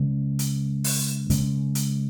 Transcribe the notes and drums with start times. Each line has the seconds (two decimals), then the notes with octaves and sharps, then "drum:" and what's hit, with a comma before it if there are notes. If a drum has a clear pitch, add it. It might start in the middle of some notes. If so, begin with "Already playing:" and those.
Already playing: C#3 G#3 C#4
0.39 drum: hi-hat
0.84 drum: open hi-hat
1.30 C#3 G#3 C#4, drum: hi-hat
1.75 drum: hi-hat